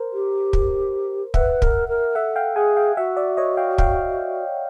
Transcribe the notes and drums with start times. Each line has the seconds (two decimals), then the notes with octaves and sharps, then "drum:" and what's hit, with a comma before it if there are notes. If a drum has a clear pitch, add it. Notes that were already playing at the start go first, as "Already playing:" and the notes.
Already playing: A#4 C5
0.13 G4
0.53 drum: kick
1.34 B4 E5 F#5, drum: kick
1.62 A#4, drum: kick
1.88 A#4
2.15 A4 E5 F#5
2.36 F5 G5
2.56 G#4 F#5 G#5
2.76 F5 G5
2.97 F#4 E5 F#5
3.17 D5 E5
3.37 C#5 D#5
3.57 F5 G5
3.78 F5 G5, drum: kick